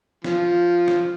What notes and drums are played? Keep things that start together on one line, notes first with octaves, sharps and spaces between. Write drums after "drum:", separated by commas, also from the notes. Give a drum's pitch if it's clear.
F3, drum: snare
drum: snare